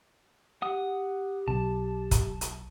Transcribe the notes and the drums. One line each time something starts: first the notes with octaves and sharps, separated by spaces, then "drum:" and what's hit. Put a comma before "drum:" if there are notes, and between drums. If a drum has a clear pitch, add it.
G4 F#5 D#6
B1 A5
drum: kick, hi-hat
drum: hi-hat